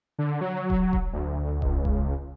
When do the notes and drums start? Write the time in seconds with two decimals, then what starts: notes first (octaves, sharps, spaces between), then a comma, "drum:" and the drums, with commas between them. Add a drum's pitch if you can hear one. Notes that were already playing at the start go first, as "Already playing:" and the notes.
0.19 D3
0.41 F#3
0.70 drum: kick D#1
0.93 drum: kick D#1
1.13 D2
1.62 C#2, drum: kick D#1
1.85 drum: kick D#1